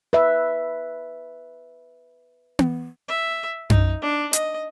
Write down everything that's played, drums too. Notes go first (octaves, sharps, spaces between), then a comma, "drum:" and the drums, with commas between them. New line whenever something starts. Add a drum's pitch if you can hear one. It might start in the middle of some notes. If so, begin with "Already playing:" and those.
B4 E5
drum: tom B3
E5
D#4, drum: tom F#2
D4
D#5, drum: hi-hat